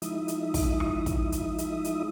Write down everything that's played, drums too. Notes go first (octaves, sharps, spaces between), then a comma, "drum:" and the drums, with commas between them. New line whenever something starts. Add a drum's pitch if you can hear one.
F3 G#3 D#4 E4 E5 D#6, drum: hi-hat
drum: hi-hat
drum: kick, open hi-hat
drum: rim click
drum: kick, hi-hat
drum: hi-hat
drum: hi-hat
drum: hi-hat